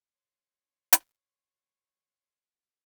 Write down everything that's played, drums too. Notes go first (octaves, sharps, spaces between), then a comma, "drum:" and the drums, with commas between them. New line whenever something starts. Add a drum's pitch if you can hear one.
C#5 C6 C#6
drum: hi-hat